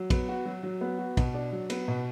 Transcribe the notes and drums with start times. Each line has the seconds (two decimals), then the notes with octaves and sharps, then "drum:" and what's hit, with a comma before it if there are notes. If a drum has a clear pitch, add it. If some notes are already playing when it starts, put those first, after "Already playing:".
Already playing: F#3
0.10 B3, drum: kick, cymbal
0.29 F#4
0.45 F#3
0.63 F#3
0.81 B3
0.99 F#4
1.17 B2, drum: kick, cymbal
1.34 D4
1.52 F#3
1.70 B3, drum: cymbal
1.88 B2